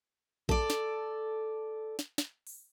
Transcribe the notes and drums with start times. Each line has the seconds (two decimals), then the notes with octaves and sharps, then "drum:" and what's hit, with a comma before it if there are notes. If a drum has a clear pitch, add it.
0.49 A4 D5, drum: kick A#1
0.70 drum: snare
1.99 drum: snare
2.18 drum: snare
2.47 drum: open hi-hat